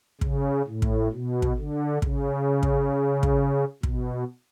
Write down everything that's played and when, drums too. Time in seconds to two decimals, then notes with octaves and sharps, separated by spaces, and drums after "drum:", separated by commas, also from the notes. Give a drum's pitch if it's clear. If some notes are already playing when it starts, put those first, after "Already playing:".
0.21 C#3, drum: kick
0.67 A2
0.82 drum: kick
1.12 B2
1.42 drum: kick
1.58 D3
2.02 C#3, drum: kick
2.63 drum: kick
3.23 drum: kick
3.83 B2, drum: kick